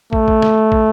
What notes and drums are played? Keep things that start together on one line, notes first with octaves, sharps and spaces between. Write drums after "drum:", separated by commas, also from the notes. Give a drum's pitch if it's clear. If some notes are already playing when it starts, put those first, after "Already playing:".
A3, drum: kick
drum: kick
drum: snare
drum: kick